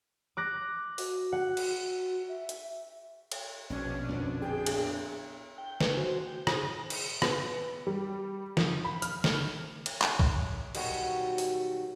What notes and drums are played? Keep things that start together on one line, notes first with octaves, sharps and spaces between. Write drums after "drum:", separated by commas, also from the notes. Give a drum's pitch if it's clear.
D6 F#6 A#6
F#4, drum: open hi-hat
F#5
drum: cymbal
E5
drum: hi-hat
drum: cymbal
A#1 B2 C#4 D4
A#1 F2 D3
G#4 G5
drum: cymbal
G5
B4 G#5, drum: snare
F#4 C5
G5
G#4 C5 D#6, drum: rim click
drum: cymbal
B3, drum: rim click
G3
F3, drum: snare
B5
F6, drum: hi-hat
drum: snare
drum: cymbal
drum: clap
drum: kick B1
B2 D#3 F#3 G3 F#4, drum: cymbal
drum: open hi-hat